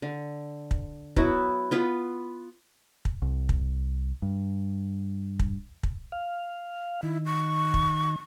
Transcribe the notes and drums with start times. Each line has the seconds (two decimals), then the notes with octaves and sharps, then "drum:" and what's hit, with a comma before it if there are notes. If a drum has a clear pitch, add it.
0.02 D3
0.71 drum: kick
1.16 F#3 B3 E4 F#4, drum: kick
1.71 B3 F4 B4
3.05 drum: kick
3.22 C2
3.49 drum: kick
4.22 G2
5.39 drum: kick
5.83 drum: kick
6.12 F5
7.03 D#3 E4
7.26 C#6
7.74 drum: kick